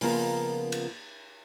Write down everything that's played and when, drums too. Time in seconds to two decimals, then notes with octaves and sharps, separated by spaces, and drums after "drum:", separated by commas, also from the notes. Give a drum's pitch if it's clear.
0.01 C#3 F3 A#3 B3 F4 A#4, drum: open hi-hat
0.72 drum: cymbal